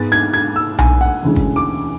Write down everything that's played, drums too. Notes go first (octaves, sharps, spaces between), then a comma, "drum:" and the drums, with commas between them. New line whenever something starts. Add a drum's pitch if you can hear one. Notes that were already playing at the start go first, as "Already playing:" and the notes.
Already playing: G#2 G#3 B3 A6
G#6
G#6
E6
G#5, drum: tom B1
F#5
E1 D2 C#3 E3 G#3
drum: kick
D6